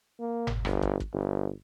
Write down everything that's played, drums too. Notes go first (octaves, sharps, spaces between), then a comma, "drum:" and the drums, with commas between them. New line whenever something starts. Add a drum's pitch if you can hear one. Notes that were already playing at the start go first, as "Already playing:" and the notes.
A#3
drum: tom G1
G1, drum: rim click
drum: kick
drum: kick
G1